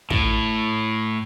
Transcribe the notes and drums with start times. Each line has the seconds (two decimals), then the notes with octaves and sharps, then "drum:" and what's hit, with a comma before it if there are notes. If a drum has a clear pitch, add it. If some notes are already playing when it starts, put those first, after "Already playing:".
0.10 A2, drum: kick